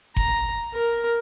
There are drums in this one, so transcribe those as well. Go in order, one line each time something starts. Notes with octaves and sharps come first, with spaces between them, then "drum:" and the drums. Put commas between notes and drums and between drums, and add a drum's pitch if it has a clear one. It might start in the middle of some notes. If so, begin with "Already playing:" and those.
A#5, drum: kick F#1
A#4